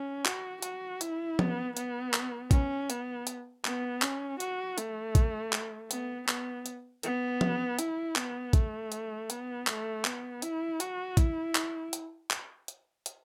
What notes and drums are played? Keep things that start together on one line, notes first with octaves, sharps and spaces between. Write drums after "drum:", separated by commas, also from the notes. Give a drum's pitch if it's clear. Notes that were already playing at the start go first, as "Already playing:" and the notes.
Already playing: C#4
F#4, drum: clap
F#4, drum: hi-hat
E4, drum: hi-hat
B3, drum: tom F3
B3, drum: hi-hat
drum: clap
C#4, drum: kick, hi-hat
B3, drum: hi-hat
drum: hi-hat
B3, drum: clap
C#4, drum: clap
F#4, drum: hi-hat
A3, drum: hi-hat
drum: kick, hi-hat
drum: clap
B3, drum: hi-hat
B3, drum: clap
drum: hi-hat
B3, drum: hi-hat
drum: tom F3
E4, drum: hi-hat
B3, drum: clap
A3, drum: kick, hi-hat
drum: hi-hat
B3, drum: hi-hat
A3, drum: clap
B3, drum: clap
E4, drum: hi-hat
F#4, drum: hi-hat
E4, drum: kick, hi-hat
drum: clap
drum: hi-hat
drum: clap
drum: hi-hat
drum: hi-hat